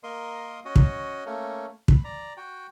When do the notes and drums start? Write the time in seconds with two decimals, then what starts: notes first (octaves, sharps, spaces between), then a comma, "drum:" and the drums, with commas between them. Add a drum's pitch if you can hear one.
0.03 A#3 A#4 D#5 C6
0.65 C#4 F#4 D#5
0.76 drum: kick
1.26 A3 A#3 C#4
1.88 B5, drum: kick
2.04 D5 A#5
2.37 F#4 G5